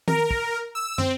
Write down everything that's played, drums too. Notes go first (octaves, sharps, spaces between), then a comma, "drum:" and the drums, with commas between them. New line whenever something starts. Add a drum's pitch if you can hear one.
A#4, drum: tom D#3
drum: kick
E6
C4, drum: tom